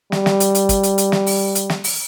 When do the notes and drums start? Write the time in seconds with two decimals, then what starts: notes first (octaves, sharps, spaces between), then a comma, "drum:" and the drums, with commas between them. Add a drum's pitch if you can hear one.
0.12 G3, drum: snare
0.26 drum: snare
0.40 drum: hi-hat
0.55 drum: hi-hat
0.69 drum: kick, hi-hat
0.83 drum: hi-hat
0.98 drum: hi-hat
1.12 drum: snare
1.26 drum: open hi-hat
1.55 drum: hi-hat
1.70 drum: snare
1.84 drum: open hi-hat